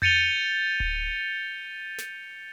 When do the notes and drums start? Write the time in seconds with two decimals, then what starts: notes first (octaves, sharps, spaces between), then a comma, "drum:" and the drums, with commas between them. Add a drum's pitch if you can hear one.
0.02 G6 A6 C#7 D#7 F7 G7, drum: tom F2
0.80 drum: kick D1
1.98 drum: snare